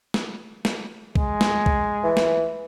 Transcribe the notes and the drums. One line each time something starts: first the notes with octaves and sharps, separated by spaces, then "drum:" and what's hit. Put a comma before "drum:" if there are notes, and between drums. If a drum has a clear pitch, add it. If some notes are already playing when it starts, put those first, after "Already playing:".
drum: snare
drum: snare
G#3, drum: kick B1
drum: snare
drum: kick B1
E3
drum: snare